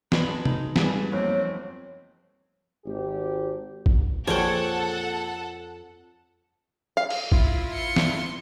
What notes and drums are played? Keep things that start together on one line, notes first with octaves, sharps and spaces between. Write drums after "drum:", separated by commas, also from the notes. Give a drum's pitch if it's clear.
F#3 G#3 B3 A5 B5, drum: snare
D#4, drum: tom
G2 B2 G3 G#3 G#4 B4, drum: snare
F#1 E2 F3 A#3 C4 D#4 C#5
G#1 G4
drum: kick A1
F2 A#2 G#4 A4 C#5 F#5 G5
F5
drum: cymbal
E4 F4, drum: kick A1
C6 C#7
drum: snare